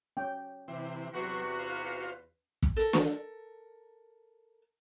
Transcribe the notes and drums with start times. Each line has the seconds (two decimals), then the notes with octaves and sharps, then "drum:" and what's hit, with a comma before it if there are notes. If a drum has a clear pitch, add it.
0.17 C#4 G5
0.68 C3 E3 C4
1.13 E2 C3 F#3 F#4 B4 C6
1.59 F4 C5
2.63 drum: kick
2.76 A4 A#4
2.93 drum: snare